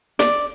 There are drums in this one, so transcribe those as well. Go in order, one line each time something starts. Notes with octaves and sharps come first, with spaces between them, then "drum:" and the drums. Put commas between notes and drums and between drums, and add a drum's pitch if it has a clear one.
D5, drum: snare